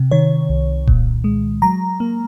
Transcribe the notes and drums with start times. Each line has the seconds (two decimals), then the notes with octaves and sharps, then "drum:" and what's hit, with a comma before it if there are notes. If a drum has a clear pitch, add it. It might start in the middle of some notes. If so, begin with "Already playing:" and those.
Already playing: C3
0.11 D#3 C#5
0.49 C2
0.87 A#2, drum: kick D#1
1.24 G#3
1.62 F#3 A#5
2.00 A#3